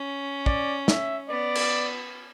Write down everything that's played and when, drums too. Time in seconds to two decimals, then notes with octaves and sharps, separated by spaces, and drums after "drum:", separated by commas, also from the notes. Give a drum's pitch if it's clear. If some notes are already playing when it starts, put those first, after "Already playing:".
Already playing: C#4
0.46 D5, drum: kick
0.88 E5, drum: snare
1.29 B3 D5
1.55 drum: cymbal